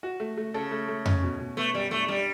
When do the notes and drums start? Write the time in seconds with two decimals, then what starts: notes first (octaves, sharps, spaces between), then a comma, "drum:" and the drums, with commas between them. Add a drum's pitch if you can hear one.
0.03 F#4
0.20 A3
0.37 A3
0.54 C#3 A4
0.71 A3
0.88 A3
1.05 C#4, drum: tom F2
1.23 B2
1.40 B2
1.57 A3 B3
1.74 F#2 G3
1.91 A3 D4
2.08 G3 D4